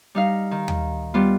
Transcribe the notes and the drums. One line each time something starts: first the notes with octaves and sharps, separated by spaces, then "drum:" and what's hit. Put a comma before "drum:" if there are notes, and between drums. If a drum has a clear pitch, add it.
G3 D#4 F5
D#3
drum: tom
G3 B3 F4